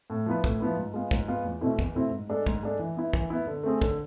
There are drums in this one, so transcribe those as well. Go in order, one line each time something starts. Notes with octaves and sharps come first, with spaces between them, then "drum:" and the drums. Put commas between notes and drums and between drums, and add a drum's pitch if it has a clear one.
A2
F3 B3 E4 B4
A2, drum: kick
F3 B3 E4 B4
G#2
G#3 B3 F4
G#2, drum: kick
G#3 B3 F4
E2
B2 A3 C4 E4
E2, drum: kick
B2 A3 C4 E4
G#2
G#3 D4 A4
G#2, drum: kick
G#3 D4 A4
E3
B3 E4
E3, drum: kick
B3 E4
D3
A3 C4 G#4
D3, drum: kick